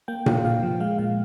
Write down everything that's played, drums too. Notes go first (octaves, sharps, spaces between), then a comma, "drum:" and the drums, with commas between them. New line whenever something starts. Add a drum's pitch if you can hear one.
A#3 G5
A#2 F5, drum: tom A#2
A#2 F5
F3
G#3 F5
A#2 F5